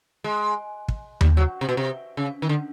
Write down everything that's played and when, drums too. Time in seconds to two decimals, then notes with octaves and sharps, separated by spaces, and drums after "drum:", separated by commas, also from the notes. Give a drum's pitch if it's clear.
0.24 G#3
0.88 drum: kick
1.21 G3, drum: tom D#2
1.37 F#3
1.61 C3
1.69 B2
1.77 C3
2.17 C#3
2.42 D#3
2.49 D3